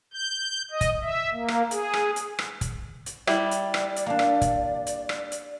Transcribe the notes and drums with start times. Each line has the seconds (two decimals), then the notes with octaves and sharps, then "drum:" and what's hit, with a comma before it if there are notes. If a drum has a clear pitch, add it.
0.13 G6
0.71 D#5
0.81 drum: kick, hi-hat
1.02 E5
1.32 A#3
1.48 drum: rim click
1.71 G#4, drum: hi-hat
1.93 drum: rim click
2.16 drum: hi-hat
2.39 drum: rim click
2.61 drum: kick, hi-hat
3.06 drum: hi-hat
3.27 G3 E4 D5, drum: rim click
3.51 drum: hi-hat
3.74 drum: rim click
3.96 drum: hi-hat
4.06 A#3 D4
4.19 drum: rim click
4.41 drum: kick, hi-hat
4.87 drum: hi-hat
5.09 drum: rim click
5.32 drum: hi-hat